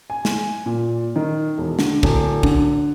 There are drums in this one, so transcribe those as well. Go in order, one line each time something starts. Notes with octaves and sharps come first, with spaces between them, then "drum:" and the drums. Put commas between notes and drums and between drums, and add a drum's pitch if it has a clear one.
G#5
drum: snare
A#2
D#3
E1
D3, drum: snare
D1, drum: kick
D3, drum: kick